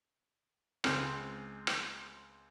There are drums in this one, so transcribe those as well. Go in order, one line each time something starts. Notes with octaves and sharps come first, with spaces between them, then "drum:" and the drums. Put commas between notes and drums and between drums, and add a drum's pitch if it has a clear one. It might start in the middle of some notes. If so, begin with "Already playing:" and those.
C#2 G#3 C4 F6, drum: rim click
drum: rim click